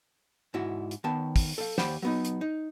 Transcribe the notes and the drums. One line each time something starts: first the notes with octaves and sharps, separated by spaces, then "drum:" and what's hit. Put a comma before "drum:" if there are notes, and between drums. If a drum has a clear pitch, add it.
G#2 E4 F#4
drum: hi-hat
D#3 B3 A5
drum: kick, open hi-hat
A4 F5
D#2 C5 D5 F#5 B5, drum: snare
F#3 B3 D#4
drum: hi-hat
D#4